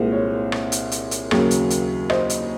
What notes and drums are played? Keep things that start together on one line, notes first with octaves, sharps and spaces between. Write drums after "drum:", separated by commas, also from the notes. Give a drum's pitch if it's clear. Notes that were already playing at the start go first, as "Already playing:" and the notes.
Already playing: C2 A#2 G#3 C5
C#5
drum: rim click
drum: hi-hat
drum: hi-hat
drum: hi-hat
D#2 C#3 F#3 A#3, drum: rim click
drum: hi-hat
drum: hi-hat
C5 D#5, drum: rim click
drum: hi-hat